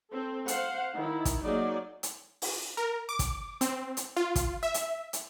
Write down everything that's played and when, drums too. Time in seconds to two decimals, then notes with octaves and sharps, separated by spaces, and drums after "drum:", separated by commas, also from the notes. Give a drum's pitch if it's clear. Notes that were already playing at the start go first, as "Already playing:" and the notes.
0.13 C4 A4
0.48 C5 F5 F#5, drum: hi-hat
0.96 D#3 E4
1.25 drum: kick, hi-hat
1.45 F#3 A#3 D#4 G#4 D5
2.03 drum: hi-hat
2.42 drum: open hi-hat
2.77 A#4
3.09 D6
3.19 drum: kick, hi-hat
3.61 C4, drum: hi-hat
3.97 drum: hi-hat
4.16 F4
4.36 drum: kick, hi-hat
4.63 E5
4.74 drum: hi-hat
5.13 drum: hi-hat